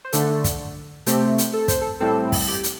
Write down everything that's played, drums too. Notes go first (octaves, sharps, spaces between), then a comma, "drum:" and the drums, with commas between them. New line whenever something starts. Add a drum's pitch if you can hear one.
C5
D3 A3 D4 A4, drum: hi-hat
drum: kick, hi-hat
C3 A3 C4 G4, drum: hi-hat
drum: hi-hat
A4
C5, drum: kick, hi-hat
A4
A2 G3 C4 A4
drum: kick, open hi-hat
G4
drum: hi-hat